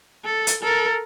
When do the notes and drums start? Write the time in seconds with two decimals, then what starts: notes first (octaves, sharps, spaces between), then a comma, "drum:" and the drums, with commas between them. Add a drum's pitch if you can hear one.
0.25 A4
0.47 drum: hi-hat
0.63 A4 A#4